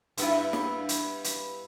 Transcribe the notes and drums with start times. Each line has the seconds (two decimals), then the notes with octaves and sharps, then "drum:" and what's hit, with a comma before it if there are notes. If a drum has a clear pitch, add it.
0.17 G2 B3 E4, drum: hi-hat
0.53 drum: snare
0.89 drum: hi-hat
1.24 drum: hi-hat